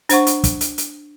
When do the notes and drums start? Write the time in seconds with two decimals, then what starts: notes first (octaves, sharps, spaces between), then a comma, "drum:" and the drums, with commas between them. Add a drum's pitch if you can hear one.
0.09 D4 C5 F#5 C#6, drum: hi-hat
0.26 drum: hi-hat
0.44 drum: kick, hi-hat
0.61 drum: hi-hat
0.78 drum: hi-hat